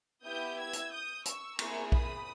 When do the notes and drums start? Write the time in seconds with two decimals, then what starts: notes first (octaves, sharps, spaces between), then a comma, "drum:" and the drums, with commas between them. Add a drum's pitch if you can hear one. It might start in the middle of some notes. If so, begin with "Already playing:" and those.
0.25 B3 E4 G4 D#6 G6
0.59 E6 G#6
0.73 drum: hi-hat
0.91 D#6 G6
1.25 C#6 E6, drum: hi-hat
1.59 A#3 E4 G#4 A#5 C#6, drum: cymbal
1.92 B5 D#6, drum: kick